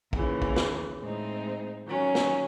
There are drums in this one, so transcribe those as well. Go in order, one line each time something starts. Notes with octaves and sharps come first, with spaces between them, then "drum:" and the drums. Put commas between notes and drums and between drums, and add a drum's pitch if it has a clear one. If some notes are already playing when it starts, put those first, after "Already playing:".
D#2 C#3 E3, drum: kick
drum: kick
drum: snare
A2 G#3 C4 D#4
D#3 F#3 C#4
drum: snare